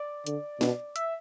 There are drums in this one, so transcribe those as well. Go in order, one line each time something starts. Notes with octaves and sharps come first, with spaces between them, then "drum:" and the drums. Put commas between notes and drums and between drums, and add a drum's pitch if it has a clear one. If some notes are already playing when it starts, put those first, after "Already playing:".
Already playing: D5
D3, drum: hi-hat
B2, drum: snare
E5, drum: hi-hat